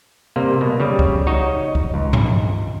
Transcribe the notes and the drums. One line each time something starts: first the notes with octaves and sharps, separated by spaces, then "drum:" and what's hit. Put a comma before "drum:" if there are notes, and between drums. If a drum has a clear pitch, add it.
C3 G3 A#3
B2
C#3 G3
drum: kick
D#4 F#4 C#5 D#5
drum: kick
C#2
drum: tom G2